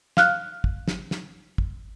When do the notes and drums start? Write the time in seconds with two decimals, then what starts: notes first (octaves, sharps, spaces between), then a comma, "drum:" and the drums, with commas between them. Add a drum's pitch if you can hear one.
0.17 F5 F6 F#6, drum: snare
0.64 drum: kick
0.88 drum: snare
1.11 drum: snare
1.58 drum: kick